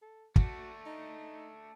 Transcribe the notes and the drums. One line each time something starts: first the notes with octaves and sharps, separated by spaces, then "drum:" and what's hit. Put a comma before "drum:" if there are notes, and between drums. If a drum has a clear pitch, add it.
A4
A3 D4 F#4, drum: kick
D#4